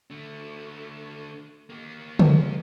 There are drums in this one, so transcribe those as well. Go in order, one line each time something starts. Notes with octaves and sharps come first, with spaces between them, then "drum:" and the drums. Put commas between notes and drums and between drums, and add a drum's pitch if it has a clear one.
D3 A3
A#3 G4
drum: tom C#3